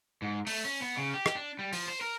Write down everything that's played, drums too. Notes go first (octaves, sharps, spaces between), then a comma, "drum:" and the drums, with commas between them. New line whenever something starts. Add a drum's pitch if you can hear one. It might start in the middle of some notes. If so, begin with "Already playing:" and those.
G#2
A3, drum: open hi-hat
C#4
B3
C#3
G4
drum: rim click
D4
G3
F3, drum: open hi-hat
C5
A#4